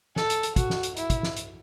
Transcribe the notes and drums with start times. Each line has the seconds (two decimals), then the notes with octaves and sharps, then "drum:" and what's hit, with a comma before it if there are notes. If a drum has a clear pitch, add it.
0.16 A4, drum: snare
0.30 drum: hi-hat
0.43 drum: hi-hat
0.56 F#4, drum: kick, hi-hat
0.70 drum: snare
0.83 drum: hi-hat
0.97 E4, drum: hi-hat
1.10 drum: kick, hi-hat
1.23 drum: snare
1.37 drum: hi-hat